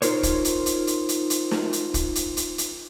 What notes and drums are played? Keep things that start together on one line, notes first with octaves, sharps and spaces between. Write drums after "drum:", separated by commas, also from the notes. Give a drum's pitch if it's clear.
D#4 F4 A#4 C5 C#5, drum: hi-hat
drum: kick, hi-hat
drum: hi-hat
drum: hi-hat
drum: hi-hat
drum: hi-hat
drum: hi-hat
drum: snare
drum: hi-hat
drum: kick, hi-hat
drum: hi-hat
drum: hi-hat
drum: hi-hat